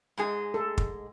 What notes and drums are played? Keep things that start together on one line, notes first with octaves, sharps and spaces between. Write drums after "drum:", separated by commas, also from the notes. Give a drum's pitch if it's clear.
G#2 G#3 G#4
A4
drum: kick